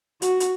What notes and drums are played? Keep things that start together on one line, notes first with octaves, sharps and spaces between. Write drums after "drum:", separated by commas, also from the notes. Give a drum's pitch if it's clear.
F#4, drum: hi-hat
drum: hi-hat